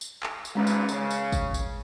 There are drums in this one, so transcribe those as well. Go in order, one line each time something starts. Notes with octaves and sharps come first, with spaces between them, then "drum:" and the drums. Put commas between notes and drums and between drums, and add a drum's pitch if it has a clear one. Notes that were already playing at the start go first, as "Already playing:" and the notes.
drum: tambourine
drum: clap
drum: tambourine
G#1 A#2 G#3 C#4 B4
drum: tambourine
C#3, drum: tambourine
drum: tambourine
drum: kick, tambourine
drum: tambourine